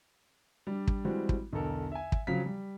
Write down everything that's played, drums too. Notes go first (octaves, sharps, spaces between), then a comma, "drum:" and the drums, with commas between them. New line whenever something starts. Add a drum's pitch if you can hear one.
G3 D4
drum: kick
E3 G3 G#3 C4 F#4
drum: kick
B1 E2 D3 A4 A#4
E5 G#5
drum: kick
C#3 F3 F#3 C4 F5 B6
G3